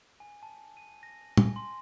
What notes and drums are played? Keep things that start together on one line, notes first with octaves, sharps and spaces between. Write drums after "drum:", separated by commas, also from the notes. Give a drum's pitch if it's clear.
G#5
A5
D#7
A#6
G#5, drum: tom
C6